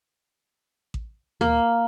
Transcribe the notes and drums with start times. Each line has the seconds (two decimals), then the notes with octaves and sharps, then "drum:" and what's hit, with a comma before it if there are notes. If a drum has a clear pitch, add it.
0.94 drum: kick A1
1.41 A#3, drum: tom D2